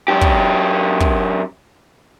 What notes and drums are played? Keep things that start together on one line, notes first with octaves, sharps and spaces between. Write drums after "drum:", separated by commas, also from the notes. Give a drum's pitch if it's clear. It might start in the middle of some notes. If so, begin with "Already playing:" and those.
F#2 G4
drum: kick
drum: kick